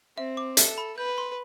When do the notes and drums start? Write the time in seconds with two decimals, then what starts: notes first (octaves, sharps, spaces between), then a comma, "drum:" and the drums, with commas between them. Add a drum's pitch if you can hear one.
0.17 C4 E5
0.37 D6
0.57 A4 E5, drum: hi-hat
0.78 B5
0.97 B4 G6
1.18 C6